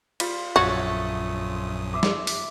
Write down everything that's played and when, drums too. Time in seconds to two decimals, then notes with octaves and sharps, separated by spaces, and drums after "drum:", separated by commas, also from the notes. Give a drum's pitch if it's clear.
0.20 G3 F4, drum: cymbal
0.56 A#1 F#2 A3 F#4 C#5 D#6
1.94 E5 C6 D6
2.03 drum: snare
2.27 drum: open hi-hat